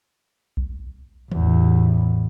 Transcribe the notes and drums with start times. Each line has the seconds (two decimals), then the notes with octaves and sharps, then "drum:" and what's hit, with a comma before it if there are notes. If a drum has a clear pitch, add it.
0.57 drum: kick B1
1.32 A1 E2, drum: tom D#3